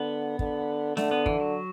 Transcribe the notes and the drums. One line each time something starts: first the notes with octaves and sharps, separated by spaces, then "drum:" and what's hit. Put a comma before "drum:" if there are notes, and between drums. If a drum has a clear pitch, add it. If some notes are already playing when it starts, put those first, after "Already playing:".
Already playing: D3 B3
D3, drum: kick
D3 A3, drum: snare
B3
E3, drum: kick
F#3